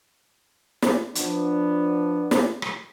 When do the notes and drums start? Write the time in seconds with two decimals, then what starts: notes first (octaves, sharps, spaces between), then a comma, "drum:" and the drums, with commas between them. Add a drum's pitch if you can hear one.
0.82 drum: snare
1.15 F3 B3 D4, drum: hi-hat
2.31 drum: snare
2.62 drum: rim click